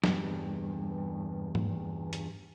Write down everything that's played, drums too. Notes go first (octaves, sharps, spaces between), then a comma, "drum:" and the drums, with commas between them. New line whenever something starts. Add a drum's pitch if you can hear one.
E2 G2, drum: snare
drum: tom G#2
drum: hi-hat